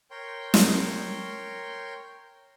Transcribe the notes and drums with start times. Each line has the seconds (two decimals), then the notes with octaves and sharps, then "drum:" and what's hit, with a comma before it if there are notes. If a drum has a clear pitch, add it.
0.11 A#4 C#5 G5 C6 G6
0.54 drum: snare